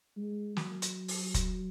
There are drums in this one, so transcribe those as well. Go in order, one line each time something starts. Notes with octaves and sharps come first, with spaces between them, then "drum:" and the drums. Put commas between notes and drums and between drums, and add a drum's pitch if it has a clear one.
G#3
F#3, drum: snare
drum: hi-hat
drum: open hi-hat
drum: kick, hi-hat